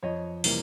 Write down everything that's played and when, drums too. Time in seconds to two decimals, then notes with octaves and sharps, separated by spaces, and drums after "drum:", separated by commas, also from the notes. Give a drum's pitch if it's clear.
0.03 F2 C#5 D#5
0.44 C3 E3 G3 A#3, drum: open hi-hat